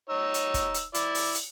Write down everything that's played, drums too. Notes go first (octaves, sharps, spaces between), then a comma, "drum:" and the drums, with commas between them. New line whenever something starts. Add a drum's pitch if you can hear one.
D#4 C#5 E6
drum: hi-hat
drum: kick, hi-hat
drum: hi-hat
E4 D5, drum: hi-hat
drum: open hi-hat
drum: hi-hat